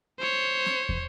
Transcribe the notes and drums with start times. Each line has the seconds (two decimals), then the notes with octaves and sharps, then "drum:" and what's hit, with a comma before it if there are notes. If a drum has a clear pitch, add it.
0.19 C5 C#5
0.66 drum: snare C4
0.89 drum: kick